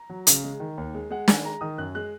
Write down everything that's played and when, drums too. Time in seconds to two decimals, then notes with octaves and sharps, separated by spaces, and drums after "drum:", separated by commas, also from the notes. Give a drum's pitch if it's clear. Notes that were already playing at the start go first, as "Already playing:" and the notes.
Already playing: A#5
0.10 F#3
0.27 C#3, drum: hi-hat
0.44 G#3
0.60 D#3
0.78 D#2
0.94 G#3
1.10 G#3 F#5
1.28 D#3 G#5, drum: snare
1.45 G#3 A#5
1.61 D#3 D#6
1.78 F#2 F#6
1.95 G#3 F#6